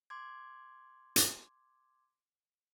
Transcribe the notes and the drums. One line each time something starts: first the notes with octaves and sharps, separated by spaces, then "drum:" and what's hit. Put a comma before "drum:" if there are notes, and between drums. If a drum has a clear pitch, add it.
C6 D6 G#6
drum: hi-hat